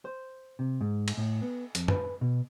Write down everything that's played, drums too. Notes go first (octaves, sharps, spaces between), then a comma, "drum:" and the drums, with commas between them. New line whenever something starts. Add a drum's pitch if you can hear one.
C5
C3
G#2
drum: cymbal
A2
B3
F2, drum: hi-hat
B4, drum: tom F#2
B2